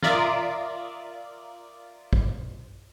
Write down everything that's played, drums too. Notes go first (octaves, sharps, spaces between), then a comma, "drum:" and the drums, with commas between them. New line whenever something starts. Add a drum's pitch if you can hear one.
F4 A#4 D5 E5 D6 D#6, drum: snare
drum: kick